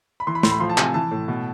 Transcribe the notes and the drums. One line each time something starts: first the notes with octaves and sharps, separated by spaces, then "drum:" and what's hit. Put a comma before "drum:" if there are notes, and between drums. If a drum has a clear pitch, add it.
B5
E3 C6
B5
A2 C6, drum: snare
B5
F3 C6
A5
C3 G#5, drum: clap
E3 A5
A2
B2